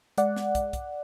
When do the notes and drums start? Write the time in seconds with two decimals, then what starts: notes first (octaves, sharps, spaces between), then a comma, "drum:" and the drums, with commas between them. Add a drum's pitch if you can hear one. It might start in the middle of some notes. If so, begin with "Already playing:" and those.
0.18 G#3 D5 F#5, drum: hi-hat
0.36 drum: snare
0.55 drum: kick, hi-hat
0.73 drum: kick, hi-hat